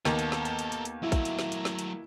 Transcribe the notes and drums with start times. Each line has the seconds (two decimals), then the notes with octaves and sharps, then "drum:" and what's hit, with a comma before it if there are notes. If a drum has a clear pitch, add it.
0.05 D#2 A#3 B3 A4 A#4, drum: snare
0.19 drum: hi-hat
0.32 drum: snare
0.45 drum: hi-hat
0.59 drum: hi-hat
0.72 drum: hi-hat
0.85 drum: hi-hat
1.03 F#3 A3 E4
1.12 drum: kick, hi-hat
1.25 drum: hi-hat
1.39 drum: snare
1.52 drum: hi-hat
1.65 drum: snare
1.79 drum: hi-hat